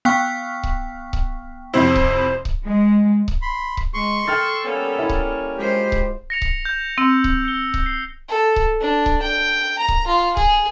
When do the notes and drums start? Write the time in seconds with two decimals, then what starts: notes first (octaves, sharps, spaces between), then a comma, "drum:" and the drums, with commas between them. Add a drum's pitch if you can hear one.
0.05 B3 F5 G5 C#6
0.63 drum: kick C#1
1.13 drum: kick C#1
1.74 F2 C3 E4 C5
1.96 drum: kick C#1
2.45 drum: kick C#1
2.65 G#3
3.28 drum: kick C#1
3.42 B5 C6
3.77 drum: kick C#1
3.94 G#3 C6 C#6
4.28 A4 G5 F6 A6
4.65 G3 A#3 B3 C#4
4.99 E4
5.09 drum: kick C#1
5.57 G#3 F4 G4 C5
5.92 drum: kick C#1
6.30 A#6 C#7 F7
6.42 drum: kick C#1
6.65 G6
6.98 C4 E6
7.24 drum: kick C#1
7.45 C#7 G7
7.74 drum: kick C#1
7.86 C7
8.29 A4
8.56 drum: kick C#1
8.81 D4
9.06 drum: kick C#1
9.22 G5
9.79 A#5
9.88 drum: kick C#1
10.07 F4
10.37 G#4, drum: kick C#1